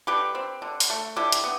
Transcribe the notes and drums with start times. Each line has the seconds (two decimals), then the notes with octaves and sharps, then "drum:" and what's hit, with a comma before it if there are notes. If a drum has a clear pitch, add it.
0.07 D3 G4 B4
0.35 C4
0.62 D3
0.80 drum: open hi-hat
0.90 A3
1.16 D3 E4 G4
1.32 drum: hi-hat
1.44 B3